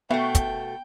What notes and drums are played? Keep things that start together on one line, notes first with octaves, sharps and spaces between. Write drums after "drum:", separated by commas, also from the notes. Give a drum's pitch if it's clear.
B2 A3 B3 E5 G5
drum: kick, hi-hat